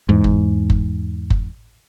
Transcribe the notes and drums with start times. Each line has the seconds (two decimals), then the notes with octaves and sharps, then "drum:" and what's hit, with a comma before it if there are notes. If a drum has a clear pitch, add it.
0.09 E2 G#2
0.24 drum: kick F#1
0.70 drum: kick F#1
1.30 drum: kick F#1